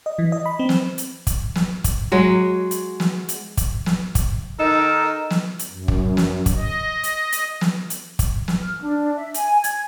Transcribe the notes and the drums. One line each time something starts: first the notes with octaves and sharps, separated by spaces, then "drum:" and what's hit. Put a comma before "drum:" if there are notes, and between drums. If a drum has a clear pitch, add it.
D#5
E3
D#5
B5
C4
drum: snare
drum: hi-hat
drum: kick, hi-hat
drum: snare
drum: kick, hi-hat
F#3 G#3
drum: hi-hat
drum: snare
drum: hi-hat
drum: kick, hi-hat
drum: snare
drum: kick, hi-hat
D#3 D#4 A4 A#4
drum: snare
drum: hi-hat
F#2
drum: kick
drum: snare
drum: kick, hi-hat
D#5
drum: hi-hat
drum: hi-hat
drum: snare
drum: hi-hat
drum: kick, hi-hat
drum: snare
F6
D4
E5
G#5, drum: hi-hat
G#6, drum: hi-hat